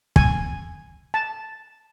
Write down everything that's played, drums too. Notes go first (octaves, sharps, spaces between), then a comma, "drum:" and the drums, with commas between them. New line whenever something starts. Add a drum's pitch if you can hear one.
G#5, drum: kick
A5